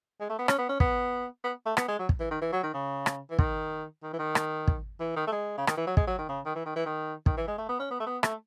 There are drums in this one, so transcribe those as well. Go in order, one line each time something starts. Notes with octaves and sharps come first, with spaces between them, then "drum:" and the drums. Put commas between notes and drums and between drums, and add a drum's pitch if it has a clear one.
G#3
A3
B3
C#4, drum: rim click
B3
C#4
B3, drum: kick
B3
A3
B3, drum: rim click
G#3
F#3
drum: kick
E3
D#3
E3
F#3
D#3
C#3
drum: rim click
E3
D#3, drum: kick
D#3
E3
D#3
drum: rim click
drum: kick
E3
D#3
A3
G#3
C#3
D#3, drum: rim click
E3
F#3
G#3, drum: kick
F#3
D#3
C#3
D#3
E3
D#3
E3
D#3
D#3, drum: kick
E3
G#3
A3
B3
C#4
B3
A3
B3
A3, drum: rim click